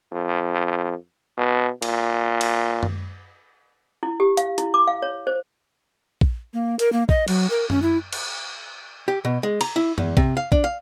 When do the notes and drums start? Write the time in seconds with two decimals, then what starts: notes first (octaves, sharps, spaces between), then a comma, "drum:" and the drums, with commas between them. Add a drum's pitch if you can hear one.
0.12 F2
1.38 B2
1.82 A#2, drum: cymbal
2.41 drum: cymbal
2.83 drum: tom F#2
4.03 E4
4.20 G4
4.37 F5, drum: hi-hat
4.58 E4, drum: hi-hat
4.74 D6
4.87 F5
5.02 C#5
5.27 C5
6.21 drum: kick A#1
6.54 A#3
6.79 A#4, drum: hi-hat
6.92 A#3
7.09 D#5, drum: kick A#1
7.28 F#3, drum: cymbal
7.50 A#4
7.70 C#4, drum: tom F#2
7.82 E4
8.13 drum: cymbal
9.08 G4
9.25 B2
9.43 G#3
9.61 A#5, drum: cymbal
9.76 E4
9.98 E2, drum: tom F#2
10.17 C3, drum: kick A#1
10.37 F5
10.52 D4, drum: kick A#1
10.64 F5